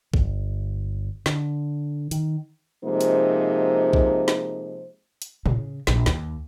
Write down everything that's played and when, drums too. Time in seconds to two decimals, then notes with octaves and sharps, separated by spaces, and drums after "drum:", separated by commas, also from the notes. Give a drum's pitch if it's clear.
0.14 G1, drum: kick A#1
1.26 D3, drum: snare
2.11 D#3, drum: hi-hat
2.84 C3 F3 G#3 A#3 D#4 C5
3.01 drum: hi-hat
3.93 drum: kick A#1
4.28 drum: snare
5.22 drum: hi-hat
5.46 C#3, drum: tom A2
5.87 A#1, drum: snare
6.06 D#2, drum: snare